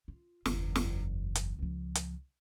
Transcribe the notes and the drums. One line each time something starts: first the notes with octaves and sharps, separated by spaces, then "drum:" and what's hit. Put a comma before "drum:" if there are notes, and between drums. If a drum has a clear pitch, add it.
F4
F#1 E2, drum: snare
drum: snare
drum: hi-hat
C#2 F3
drum: hi-hat